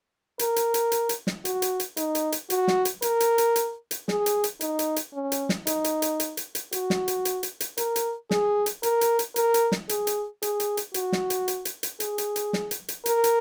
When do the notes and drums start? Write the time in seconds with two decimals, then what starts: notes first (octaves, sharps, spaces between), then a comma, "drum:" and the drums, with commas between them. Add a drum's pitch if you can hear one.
0.39 A#4, drum: hi-hat
0.56 drum: hi-hat
0.74 drum: hi-hat
0.92 drum: hi-hat
1.09 drum: hi-hat
1.27 drum: snare
1.45 F#4, drum: hi-hat
1.62 drum: hi-hat
1.80 drum: hi-hat
1.97 D#4, drum: hi-hat
2.15 drum: hi-hat
2.32 drum: hi-hat
2.50 F#4, drum: hi-hat
2.68 drum: snare
2.85 drum: hi-hat
3.02 A#4, drum: hi-hat
3.20 drum: hi-hat
3.38 drum: hi-hat
3.56 drum: hi-hat
3.91 drum: hi-hat
4.08 G#4, drum: snare
4.26 drum: hi-hat
4.44 drum: hi-hat
4.61 D#4, drum: hi-hat
4.79 drum: hi-hat
4.96 drum: hi-hat
5.14 C#4
5.32 drum: hi-hat
5.49 drum: snare
5.67 D#4, drum: hi-hat
5.84 drum: hi-hat
6.02 drum: hi-hat
6.20 drum: hi-hat
6.37 drum: hi-hat
6.55 drum: hi-hat
6.72 F#4, drum: hi-hat
6.90 drum: snare
7.08 drum: hi-hat
7.25 drum: hi-hat
7.43 drum: hi-hat
7.60 drum: hi-hat
7.77 A#4, drum: hi-hat
7.96 drum: hi-hat
8.31 G#4, drum: snare
8.66 drum: hi-hat
8.83 A#4, drum: hi-hat
9.01 drum: hi-hat
9.19 drum: hi-hat
9.36 A#4, drum: hi-hat
9.54 drum: hi-hat
9.72 drum: snare
9.89 G#4, drum: hi-hat
10.07 drum: hi-hat
10.42 G#4, drum: hi-hat
10.60 drum: hi-hat
10.77 drum: hi-hat
10.94 F#4, drum: hi-hat
11.12 drum: snare
11.30 drum: hi-hat
11.48 drum: hi-hat
11.65 drum: hi-hat
11.83 drum: hi-hat
12.00 G#4, drum: hi-hat
12.18 drum: hi-hat
12.36 drum: hi-hat
12.53 drum: snare
12.71 drum: hi-hat
12.88 drum: hi-hat
13.06 A#4, drum: hi-hat
13.24 drum: hi-hat